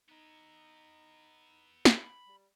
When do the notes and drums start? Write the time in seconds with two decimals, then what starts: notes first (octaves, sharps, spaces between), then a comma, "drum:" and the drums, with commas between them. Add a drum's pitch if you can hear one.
0.09 B3 D#4 E4 A#5
1.85 B5, drum: snare
2.27 G3